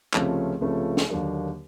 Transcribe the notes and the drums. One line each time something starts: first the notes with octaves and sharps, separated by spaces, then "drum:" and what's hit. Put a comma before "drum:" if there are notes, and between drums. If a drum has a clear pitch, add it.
C#2 C3 F3 A3 C#4, drum: clap
C#2 C3 F3 A3 C#4
drum: snare
D#2 D3 F#3 A#3 D4